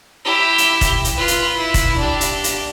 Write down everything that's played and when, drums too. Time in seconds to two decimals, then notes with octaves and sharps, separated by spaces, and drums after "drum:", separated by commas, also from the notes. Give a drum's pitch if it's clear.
0.25 E4 G4
0.58 drum: hi-hat
0.81 drum: kick F1, hi-hat
1.05 drum: hi-hat
1.16 F4 B4
1.28 drum: hi-hat
1.57 E4
1.74 drum: kick F1, hi-hat
1.97 D4 G4
2.21 drum: hi-hat
2.44 drum: hi-hat